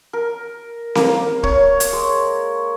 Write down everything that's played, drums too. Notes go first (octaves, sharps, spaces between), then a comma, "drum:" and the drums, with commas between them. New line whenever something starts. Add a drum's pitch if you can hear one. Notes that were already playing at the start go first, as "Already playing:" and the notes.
A#4
A#3, drum: snare C4
C#5, drum: kick
drum: hi-hat
G#3